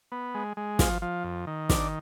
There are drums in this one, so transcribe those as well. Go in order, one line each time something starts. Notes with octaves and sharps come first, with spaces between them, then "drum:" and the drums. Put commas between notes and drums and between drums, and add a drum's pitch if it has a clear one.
B3
G#3
G#3
F3, drum: snare
F3
F2
D#3
D4, drum: snare